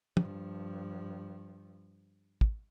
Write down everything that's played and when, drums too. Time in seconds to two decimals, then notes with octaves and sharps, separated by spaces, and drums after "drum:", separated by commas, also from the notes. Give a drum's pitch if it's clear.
0.17 G2 F3, drum: tom
2.41 drum: kick